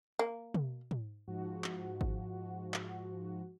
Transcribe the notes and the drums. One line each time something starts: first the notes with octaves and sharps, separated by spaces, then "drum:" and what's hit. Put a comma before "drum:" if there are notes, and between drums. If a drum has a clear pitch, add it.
A#3
drum: tom
drum: tom
G#2 F3 F#4
drum: clap
drum: kick G#1
drum: clap